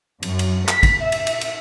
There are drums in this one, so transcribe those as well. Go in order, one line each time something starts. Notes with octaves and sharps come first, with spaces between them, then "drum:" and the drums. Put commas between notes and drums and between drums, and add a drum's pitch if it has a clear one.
F#2, drum: cymbal
drum: cymbal
B6, drum: clap
drum: kick, cymbal
E5
drum: cymbal
drum: cymbal
drum: cymbal